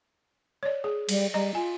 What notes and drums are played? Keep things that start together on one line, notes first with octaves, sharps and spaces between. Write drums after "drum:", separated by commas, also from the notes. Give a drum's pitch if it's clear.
C#5 D5
G#4
G3, drum: cymbal
G3 D#5 A#5
F4 G#5